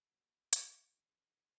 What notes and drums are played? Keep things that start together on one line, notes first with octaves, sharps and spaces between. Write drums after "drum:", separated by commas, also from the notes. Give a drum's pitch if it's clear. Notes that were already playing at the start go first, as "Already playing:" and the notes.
A#2 F#3 C#4 F#4 A#4
G#4, drum: hi-hat
D#3 G#3 C4 D#4
G#4